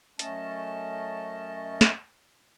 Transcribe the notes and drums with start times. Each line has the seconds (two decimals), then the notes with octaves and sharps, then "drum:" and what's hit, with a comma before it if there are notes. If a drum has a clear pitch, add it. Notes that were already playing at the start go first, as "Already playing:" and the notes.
0.19 F#2 A3 C#4 D#5 A5, drum: hi-hat
1.81 drum: snare